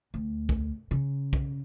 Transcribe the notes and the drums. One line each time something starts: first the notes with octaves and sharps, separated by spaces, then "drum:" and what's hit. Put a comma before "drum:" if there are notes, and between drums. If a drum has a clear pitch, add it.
D2
drum: kick
C#3
drum: kick